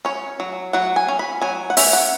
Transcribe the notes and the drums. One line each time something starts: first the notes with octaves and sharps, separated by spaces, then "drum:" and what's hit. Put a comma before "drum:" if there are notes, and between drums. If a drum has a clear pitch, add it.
C#4 C#5
F#3
F#3 F#5
G#5
C#4
B5
F#3 G#5
F#5
C#4 E5, drum: open hi-hat
F#5